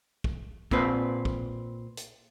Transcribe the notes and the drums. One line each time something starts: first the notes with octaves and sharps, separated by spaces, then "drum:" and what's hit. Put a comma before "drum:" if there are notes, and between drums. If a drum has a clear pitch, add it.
drum: kick
A#2 C4 B4, drum: kick
drum: kick
drum: hi-hat